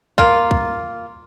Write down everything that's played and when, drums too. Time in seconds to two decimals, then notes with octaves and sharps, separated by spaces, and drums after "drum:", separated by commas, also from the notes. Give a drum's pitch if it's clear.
0.18 A#3 F4, drum: kick
0.51 drum: kick